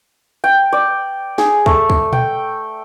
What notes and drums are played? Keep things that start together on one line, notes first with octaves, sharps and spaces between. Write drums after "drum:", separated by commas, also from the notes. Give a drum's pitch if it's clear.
G5
D5
G#4, drum: snare
A3, drum: kick
drum: kick
G5, drum: tom A#2